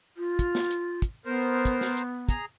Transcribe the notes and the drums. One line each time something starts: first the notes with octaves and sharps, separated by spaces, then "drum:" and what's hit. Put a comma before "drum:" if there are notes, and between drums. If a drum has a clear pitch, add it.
F4
drum: kick, hi-hat
drum: snare
drum: hi-hat
drum: kick, hi-hat
B3 A#4 C5
drum: kick, hi-hat
drum: snare
drum: hi-hat
G#4 A#5, drum: kick, hi-hat